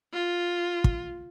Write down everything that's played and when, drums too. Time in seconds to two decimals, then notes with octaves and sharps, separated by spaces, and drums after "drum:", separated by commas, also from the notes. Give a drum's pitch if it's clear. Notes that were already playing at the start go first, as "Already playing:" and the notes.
0.13 F4
0.84 drum: kick